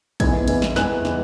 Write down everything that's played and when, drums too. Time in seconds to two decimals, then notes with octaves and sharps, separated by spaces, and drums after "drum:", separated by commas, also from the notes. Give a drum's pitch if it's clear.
0.20 E2 E3 G#3 B3 G#6, drum: kick, cymbal
0.48 E2 E3 G#3 B3, drum: cymbal
0.62 drum: snare
0.76 E2 E3 G#3 B3 F#6, drum: snare
1.05 E3 G#3 B3, drum: snare